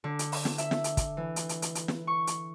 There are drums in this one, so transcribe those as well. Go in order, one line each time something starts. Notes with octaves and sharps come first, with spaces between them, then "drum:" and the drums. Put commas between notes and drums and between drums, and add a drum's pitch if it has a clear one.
D3
drum: hi-hat
drum: open hi-hat
drum: snare
E5, drum: hi-hat
drum: snare
drum: hi-hat
drum: kick, hi-hat
E3
drum: hi-hat
drum: hi-hat
drum: hi-hat
drum: hi-hat
drum: snare
C#6
drum: hi-hat